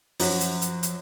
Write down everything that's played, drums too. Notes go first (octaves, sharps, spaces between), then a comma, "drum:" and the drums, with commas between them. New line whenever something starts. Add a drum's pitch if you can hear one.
F#2 F3 F#3 F#4, drum: open hi-hat
drum: hi-hat
drum: hi-hat
drum: hi-hat